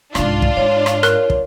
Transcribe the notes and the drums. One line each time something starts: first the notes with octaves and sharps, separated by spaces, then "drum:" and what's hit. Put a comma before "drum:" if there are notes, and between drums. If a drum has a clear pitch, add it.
C2 G#2 D4 F4, drum: rim click
drum: kick
G#2 C#5
drum: rim click
A#4 F#6, drum: rim click
drum: kick